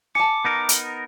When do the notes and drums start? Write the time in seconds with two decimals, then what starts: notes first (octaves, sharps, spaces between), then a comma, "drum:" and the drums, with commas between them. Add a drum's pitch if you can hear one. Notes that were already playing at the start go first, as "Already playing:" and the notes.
0.15 G#5 A5 D6 C#7
0.45 B3 D#4 A#4
0.69 drum: hi-hat